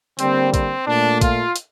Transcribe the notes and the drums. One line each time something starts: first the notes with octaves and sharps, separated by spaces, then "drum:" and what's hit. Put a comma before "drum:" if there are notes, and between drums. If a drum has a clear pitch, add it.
D3 G3 A#3 C4, drum: hi-hat
C4, drum: kick A1, hi-hat
A#2 A3 D4
F4, drum: kick A1, hi-hat
drum: hi-hat